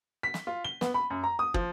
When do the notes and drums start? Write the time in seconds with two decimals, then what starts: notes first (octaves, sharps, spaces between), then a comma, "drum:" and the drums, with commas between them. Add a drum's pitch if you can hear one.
0.23 B6
0.34 drum: snare
0.47 F4
0.64 G7
0.81 B3, drum: snare
0.94 B5
1.10 F#2
1.24 A#5
1.39 D#6
1.54 F3, drum: kick